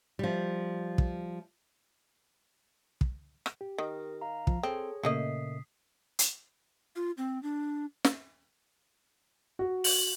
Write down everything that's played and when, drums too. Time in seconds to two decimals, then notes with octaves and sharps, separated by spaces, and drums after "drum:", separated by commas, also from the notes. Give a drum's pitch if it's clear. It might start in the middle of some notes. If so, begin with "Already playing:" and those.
0.19 F3 G3
0.98 drum: kick
3.01 drum: kick
3.46 drum: rim click
3.61 G4
3.78 D#3 A#4 D#5
4.21 F5 A#5
4.47 F3, drum: kick
4.63 C4 G#4 A4 C#5
5.03 A#2 C#3 A3 A#3 D#5 D#6 B6 C7
6.19 drum: hi-hat
6.96 F4
7.17 C4
7.43 D4
8.04 drum: snare
9.59 F#4
9.84 F#7, drum: open hi-hat